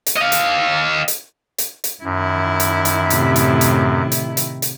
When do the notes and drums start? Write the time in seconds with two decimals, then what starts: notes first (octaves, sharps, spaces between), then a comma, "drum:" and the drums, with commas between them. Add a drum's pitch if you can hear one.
0.07 drum: hi-hat
0.17 D#5 F5
0.32 drum: hi-hat
1.08 drum: hi-hat
1.58 drum: hi-hat
1.84 drum: hi-hat
2.04 F#2 D#3 E4
2.60 drum: hi-hat
2.85 drum: hi-hat
3.10 A2 C3, drum: hi-hat
3.36 drum: hi-hat
3.61 drum: hi-hat
4.12 drum: hi-hat
4.37 drum: hi-hat
4.62 drum: hi-hat